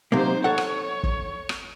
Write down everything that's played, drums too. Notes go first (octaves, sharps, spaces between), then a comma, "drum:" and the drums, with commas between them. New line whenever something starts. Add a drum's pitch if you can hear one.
C3 F#3 A#3 D#4 C5
A4 C#5 F#5
drum: rim click
drum: kick
drum: rim click